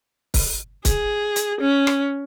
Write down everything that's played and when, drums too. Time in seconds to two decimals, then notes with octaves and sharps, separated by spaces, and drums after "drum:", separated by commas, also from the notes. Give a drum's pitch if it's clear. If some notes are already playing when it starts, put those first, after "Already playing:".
0.34 drum: kick, open hi-hat
0.85 G#4, drum: kick, hi-hat
1.36 drum: hi-hat
1.61 C#4
1.87 drum: rim click